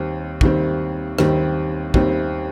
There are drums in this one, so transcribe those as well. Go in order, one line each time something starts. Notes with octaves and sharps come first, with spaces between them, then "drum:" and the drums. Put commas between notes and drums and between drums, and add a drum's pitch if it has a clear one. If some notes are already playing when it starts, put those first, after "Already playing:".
Already playing: D#2 D#3 G3 C4
D#2 D#3 G3 C4, drum: kick
D#2 D#3 G3 C4, drum: rim click
D#2 D#3 G3 C4, drum: kick